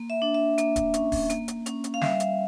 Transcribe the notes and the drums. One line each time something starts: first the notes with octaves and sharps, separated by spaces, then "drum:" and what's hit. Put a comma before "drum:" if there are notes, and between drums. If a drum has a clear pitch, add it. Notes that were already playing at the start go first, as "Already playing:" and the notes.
Already playing: A#3
E5
D4
E5
A#3, drum: hi-hat
drum: kick D1, hi-hat
C#4, drum: hi-hat
drum: kick D1, open hi-hat
A#3, drum: hi-hat
drum: hi-hat
C#4, drum: hi-hat
drum: hi-hat
F5
G3 E5, drum: snare
drum: hi-hat